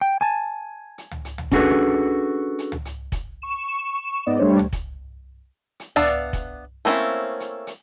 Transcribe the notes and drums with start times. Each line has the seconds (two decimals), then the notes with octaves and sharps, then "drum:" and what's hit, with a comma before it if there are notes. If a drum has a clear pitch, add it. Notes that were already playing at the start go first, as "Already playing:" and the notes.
0.01 G5
0.21 G#5 A5
0.98 drum: hi-hat
1.11 drum: tom C#2
1.25 drum: hi-hat
1.38 drum: tom C#2
1.52 C#4 D4 F#4 G#4 A4 B4, drum: kick, hi-hat
2.59 drum: hi-hat
2.72 drum: tom C#2
2.85 drum: hi-hat
3.12 drum: kick, hi-hat
3.42 C#6 E7
4.26 G#2 B3 D5 D#5
4.39 G3 A3 D4 C5 C#5
4.59 drum: tom C#2
4.73 drum: kick, hi-hat
5.80 drum: hi-hat
5.96 B3 D4 D5 E5 F5, drum: tom C#2
6.06 drum: hi-hat
6.33 drum: kick, hi-hat
6.85 A3 A#3 C4 C#4 E4
7.40 drum: hi-hat
7.67 drum: hi-hat